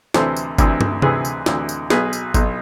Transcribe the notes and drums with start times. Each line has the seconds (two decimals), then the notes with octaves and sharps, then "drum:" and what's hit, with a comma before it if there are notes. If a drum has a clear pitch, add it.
0.14 D2 C3 E3 A4 C5, drum: snare
0.37 drum: tambourine
0.58 D2 C3 E3, drum: kick G1, tambourine
0.81 drum: tom
1.02 D2 C3 E3 G#4 B4, drum: tom C3
1.25 drum: tambourine
1.46 D2 C3 E3, drum: snare
1.69 drum: tambourine
1.90 B1 B2 G#4 B4, drum: snare
2.13 drum: tambourine
2.34 B1 B2, drum: kick G1, tambourine